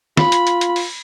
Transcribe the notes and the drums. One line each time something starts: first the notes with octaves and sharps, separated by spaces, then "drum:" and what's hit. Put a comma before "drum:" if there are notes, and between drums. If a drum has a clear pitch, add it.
F4 B5, drum: snare
drum: hi-hat
drum: hi-hat
drum: hi-hat
drum: open hi-hat